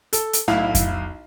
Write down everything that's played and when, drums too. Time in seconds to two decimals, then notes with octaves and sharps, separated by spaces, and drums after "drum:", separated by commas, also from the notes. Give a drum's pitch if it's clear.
0.13 A4, drum: hi-hat
0.33 drum: hi-hat
0.48 B1 A2 E4 F5
0.75 drum: kick F2, hi-hat